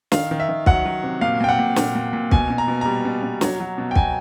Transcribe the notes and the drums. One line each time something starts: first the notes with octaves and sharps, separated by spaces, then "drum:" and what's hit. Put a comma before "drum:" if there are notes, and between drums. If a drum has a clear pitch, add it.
D#3 F5, drum: snare
D#3
E5
D#3
F#3 F#5, drum: kick
F#3
C3
A#2 F5
A#2 G5
F#5
A#2
A#2, drum: snare
A#2
A#2
B2 G#5, drum: kick
B2
A#5
B2
G3 A#5
B2
B2
F#3, drum: snare
F#3
B2
G5
B2 G#5, drum: kick